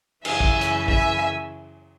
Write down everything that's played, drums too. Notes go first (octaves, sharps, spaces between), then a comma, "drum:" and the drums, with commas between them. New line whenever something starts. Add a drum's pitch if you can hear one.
F#2 C#3 E3 E5 G#5, drum: cymbal
drum: kick
drum: hi-hat
E5 G#5, drum: kick